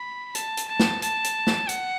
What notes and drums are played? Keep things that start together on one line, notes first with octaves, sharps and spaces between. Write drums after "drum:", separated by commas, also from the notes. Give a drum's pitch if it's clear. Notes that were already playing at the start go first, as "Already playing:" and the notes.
Already playing: B5
A5, drum: hi-hat
drum: hi-hat
A5
drum: snare
A5, drum: hi-hat
drum: hi-hat
drum: snare
F#5, drum: hi-hat